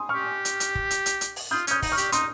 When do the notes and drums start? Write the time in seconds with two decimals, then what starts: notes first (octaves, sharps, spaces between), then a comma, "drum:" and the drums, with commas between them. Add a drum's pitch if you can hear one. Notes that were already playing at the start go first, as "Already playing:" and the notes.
Already playing: G#5 C6 D#6
0.09 C#6 F6
0.15 G4
0.45 drum: hi-hat
0.60 drum: hi-hat
0.75 drum: kick
0.91 drum: hi-hat
1.06 drum: hi-hat
1.21 drum: hi-hat
1.36 drum: open hi-hat
1.51 F4 D#6 G6
1.67 C#4 D#6 G6, drum: hi-hat
1.82 D#4, drum: kick, open hi-hat
1.92 C#6 F6
1.98 G4, drum: hi-hat
2.12 D#4 C6 D#6, drum: hi-hat